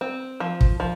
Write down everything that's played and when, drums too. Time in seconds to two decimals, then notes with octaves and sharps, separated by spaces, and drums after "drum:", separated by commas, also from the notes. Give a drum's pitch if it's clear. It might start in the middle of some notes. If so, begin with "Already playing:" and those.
0.01 C4
0.40 F3
0.61 drum: kick
0.80 F3